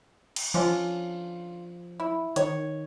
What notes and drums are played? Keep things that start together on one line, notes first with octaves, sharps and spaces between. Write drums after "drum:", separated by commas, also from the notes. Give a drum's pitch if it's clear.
drum: cymbal
D3 F3 C#4 F4
E4
D#3 C#5, drum: hi-hat